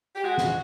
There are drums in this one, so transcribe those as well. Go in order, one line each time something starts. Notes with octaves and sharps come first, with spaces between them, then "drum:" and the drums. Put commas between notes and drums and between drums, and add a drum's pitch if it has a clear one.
G4
G#3 F#4
drum: snare